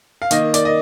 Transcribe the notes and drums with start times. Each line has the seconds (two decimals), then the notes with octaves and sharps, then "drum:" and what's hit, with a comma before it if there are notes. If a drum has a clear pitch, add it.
0.22 F5
0.31 D#3 A#3 D#5, drum: hi-hat
0.54 D5, drum: hi-hat
0.65 D#5